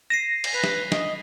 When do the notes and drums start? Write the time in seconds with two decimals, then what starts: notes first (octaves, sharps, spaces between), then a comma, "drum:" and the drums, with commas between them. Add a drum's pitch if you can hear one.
0.10 A#6 C7 D#7 E7
0.44 drum: cymbal
0.54 B4 B6 F7
0.64 drum: snare
0.92 D#5, drum: snare